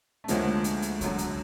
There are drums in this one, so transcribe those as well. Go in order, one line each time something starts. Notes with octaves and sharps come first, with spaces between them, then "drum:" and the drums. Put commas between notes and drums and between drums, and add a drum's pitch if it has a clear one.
A3
D2 D3 F3 G#3 A#3 C#4, drum: hi-hat
drum: hi-hat
drum: hi-hat
F#2 D3 F#3, drum: kick C2, hi-hat
drum: hi-hat